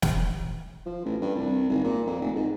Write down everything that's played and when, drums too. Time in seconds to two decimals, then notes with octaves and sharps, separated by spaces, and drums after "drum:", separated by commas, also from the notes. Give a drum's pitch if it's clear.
0.02 drum: snare
0.86 F3
1.05 A1
1.21 G2
1.35 C2
1.70 G#1
1.84 A#2
2.07 F2
2.21 F1
2.35 G#2